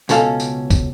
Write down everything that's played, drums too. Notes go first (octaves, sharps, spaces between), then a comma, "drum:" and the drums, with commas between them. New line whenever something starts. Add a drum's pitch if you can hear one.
C#2 B2 C#4 A4 F5, drum: tambourine
drum: tambourine
drum: kick, tambourine